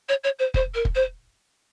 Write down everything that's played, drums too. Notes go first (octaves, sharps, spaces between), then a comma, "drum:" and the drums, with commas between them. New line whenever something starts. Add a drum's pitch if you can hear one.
C#5
C#5
C5
C5, drum: kick
A#4
drum: kick
C5